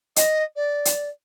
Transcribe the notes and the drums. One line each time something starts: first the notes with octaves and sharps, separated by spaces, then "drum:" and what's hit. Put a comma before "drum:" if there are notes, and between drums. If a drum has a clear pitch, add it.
D#5, drum: hi-hat
D5
drum: hi-hat